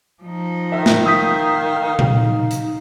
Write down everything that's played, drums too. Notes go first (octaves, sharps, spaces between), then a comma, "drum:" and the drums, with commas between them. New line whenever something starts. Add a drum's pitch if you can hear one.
F3 D#4
D#3 E5
drum: snare
F5 D#6 G6 B6
drum: tom A#2
D#4
drum: hi-hat